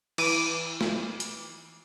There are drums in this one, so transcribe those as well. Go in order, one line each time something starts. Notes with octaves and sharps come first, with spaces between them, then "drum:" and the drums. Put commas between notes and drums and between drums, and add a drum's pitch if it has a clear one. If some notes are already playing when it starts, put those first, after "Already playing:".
E3 D6 D7 D#7, drum: cymbal
drum: snare
drum: hi-hat